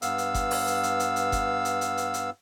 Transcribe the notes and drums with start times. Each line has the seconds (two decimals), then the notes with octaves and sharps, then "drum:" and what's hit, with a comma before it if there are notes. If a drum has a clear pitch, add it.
0.02 G2 B3 F5 E6, drum: hi-hat
0.18 drum: hi-hat
0.34 drum: kick F#1, hi-hat
0.51 drum: open hi-hat
0.67 drum: hi-hat
0.83 drum: hi-hat
1.00 drum: hi-hat
1.16 drum: hi-hat
1.32 drum: kick F#1, hi-hat
1.65 drum: hi-hat
1.81 drum: hi-hat
1.97 drum: hi-hat
2.14 drum: hi-hat